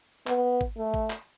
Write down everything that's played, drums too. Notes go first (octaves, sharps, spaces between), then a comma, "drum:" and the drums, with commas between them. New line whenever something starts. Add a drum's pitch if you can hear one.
B3, drum: clap
drum: kick
A3
drum: kick
drum: clap